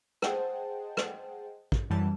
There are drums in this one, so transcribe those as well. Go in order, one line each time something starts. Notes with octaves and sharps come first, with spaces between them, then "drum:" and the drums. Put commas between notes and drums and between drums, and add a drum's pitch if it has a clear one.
G#4 C5 D#5 F#5 G5 A5, drum: rim click
drum: rim click
drum: kick
F#2 E3 G3 A5